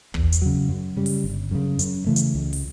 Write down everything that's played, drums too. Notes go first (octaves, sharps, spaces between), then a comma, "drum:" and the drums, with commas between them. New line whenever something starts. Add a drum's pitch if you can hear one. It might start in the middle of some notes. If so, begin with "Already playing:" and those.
E2, drum: kick
drum: hi-hat
C#3 F#3
F#2
C#3 G3
drum: open hi-hat
G1
F#2 C#3
F#2, drum: hi-hat
C#3 E3 A3
drum: hi-hat
C#2
drum: open hi-hat